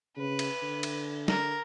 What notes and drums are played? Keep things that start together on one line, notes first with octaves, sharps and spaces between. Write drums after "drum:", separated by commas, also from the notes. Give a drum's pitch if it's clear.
C#3 B4
drum: cymbal
D3
drum: cymbal
A#4, drum: snare